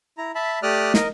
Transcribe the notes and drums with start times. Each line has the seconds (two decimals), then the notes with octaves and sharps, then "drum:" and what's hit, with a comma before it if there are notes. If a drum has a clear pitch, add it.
0.18 E4 A#5
0.35 E5 A5 B5
0.63 A3 G4 D5 D#6 F6 F#6
0.94 A#4 D#5, drum: snare